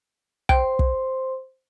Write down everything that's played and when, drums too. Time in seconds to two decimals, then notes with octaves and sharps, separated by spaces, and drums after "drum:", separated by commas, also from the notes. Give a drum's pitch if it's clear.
0.49 C5 G5 C6, drum: kick
0.79 drum: kick